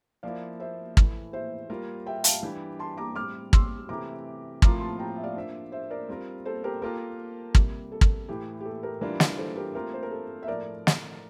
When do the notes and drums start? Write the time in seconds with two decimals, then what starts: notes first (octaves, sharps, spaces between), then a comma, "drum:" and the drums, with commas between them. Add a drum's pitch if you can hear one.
0.23 F3 A#3 E4 D5 F5
0.60 C5 E5
0.97 A2 E3 A3, drum: kick
1.33 C5 E5
1.70 G3 A#3 F4 A#4
2.06 E5 G5
2.24 F5 A5, drum: hi-hat
2.42 E3 G3 D4 G4
2.79 A5 C6
2.97 A#5 D6
3.16 A2 G3 C4 D6 F6
3.53 C6 E6, drum: kick
3.89 C3 E3 A3 C4 G4 A#5 D6
4.62 A2 F3 C4 F4 A#4 A#5 D6, drum: kick
4.80 A5 C6
4.99 G5 A#5
5.16 E5
5.24 D5 F5
5.36 A#3 D4 F4 C5 E5
5.72 C5 E5
5.90 A#4 D5
6.09 G3 C4 F4 A#4
6.45 A4 C5
6.64 G4 A#4
6.82 A#3 F4 G4 A4 A#4
7.55 C3 G3 A#3, drum: kick
7.92 A4
8.01 drum: kick
8.29 A2 E3 A3 G4
8.60 G4
8.66 A4
8.83 G4 A#4
9.01 E3 G3 D4 F4 A#4 D5
9.20 drum: snare
9.38 A4 C5
9.56 G4 A#4
9.74 A3 C4 F4 G4 A#4
9.94 C5
10.03 A#4
10.11 A4
10.43 E5
10.48 A2 F3 A3 A#4 D5
10.87 drum: snare